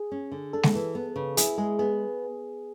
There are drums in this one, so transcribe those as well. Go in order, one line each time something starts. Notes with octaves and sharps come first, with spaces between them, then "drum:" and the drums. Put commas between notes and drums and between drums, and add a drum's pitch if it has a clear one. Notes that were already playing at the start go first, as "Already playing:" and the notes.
Already playing: G#4
C#4
D3
D4 A4
drum: snare G#3
E3
B3
C#3
E4 G#4, drum: hi-hat
G#3 G#4
B3 G#4